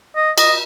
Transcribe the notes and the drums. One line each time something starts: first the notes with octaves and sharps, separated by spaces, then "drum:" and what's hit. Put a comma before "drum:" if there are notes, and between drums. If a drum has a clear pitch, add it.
D#5
D#5, drum: cymbal